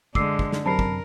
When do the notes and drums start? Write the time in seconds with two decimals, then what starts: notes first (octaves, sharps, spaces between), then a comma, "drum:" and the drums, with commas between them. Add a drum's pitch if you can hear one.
0.15 D3 G#3 D6 E6 C7, drum: kick
0.39 drum: kick
0.52 drum: snare
0.66 F#2 C3 A#4 A5 B5 C7
0.79 drum: kick